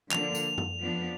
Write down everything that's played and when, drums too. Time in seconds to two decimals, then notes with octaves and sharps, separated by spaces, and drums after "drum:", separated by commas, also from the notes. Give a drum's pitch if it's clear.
0.11 D3 F3 A#3 D4 F7, drum: clap
0.35 drum: tambourine
0.58 drum: tom F#2
0.80 F2 F3 B3 D4